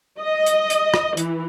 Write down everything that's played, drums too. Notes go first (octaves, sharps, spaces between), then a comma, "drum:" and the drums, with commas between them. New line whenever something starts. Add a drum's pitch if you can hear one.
D#5
drum: hi-hat
drum: hi-hat
drum: rim click
E3, drum: hi-hat